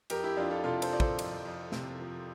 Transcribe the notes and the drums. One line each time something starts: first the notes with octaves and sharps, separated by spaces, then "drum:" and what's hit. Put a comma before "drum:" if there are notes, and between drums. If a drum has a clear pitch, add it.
F2 G4 A#4, drum: cymbal
E4 G4
F2 D4 F4
F4 A4
C3 F4 A4
A4 C5, drum: cymbal
F3 D5
A4 C5, drum: kick
F2, drum: cymbal
F2
C3, drum: snare
F3